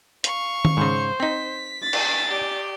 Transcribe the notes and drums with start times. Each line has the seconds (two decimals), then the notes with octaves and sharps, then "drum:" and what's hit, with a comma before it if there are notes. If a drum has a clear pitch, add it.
0.24 F5 C#6, drum: hi-hat
0.65 drum: tom D#3
0.77 G#2 C#3 C5
1.20 C4 D#4 B6
1.82 A6
1.93 drum: cymbal
2.28 G4 D5